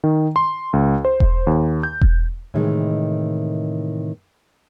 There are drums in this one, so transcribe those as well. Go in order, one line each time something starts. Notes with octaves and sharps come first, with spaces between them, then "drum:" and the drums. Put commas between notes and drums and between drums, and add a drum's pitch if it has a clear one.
D#3
C6
C#2
C5
drum: kick E1
D#2
G6
drum: kick E1
A2 C3 D#3 E3 G#3